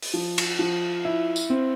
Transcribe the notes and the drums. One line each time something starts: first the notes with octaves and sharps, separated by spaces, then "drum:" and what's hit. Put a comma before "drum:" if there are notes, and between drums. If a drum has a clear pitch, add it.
drum: open hi-hat
F3
drum: cymbal
F3
E4
drum: tambourine
C4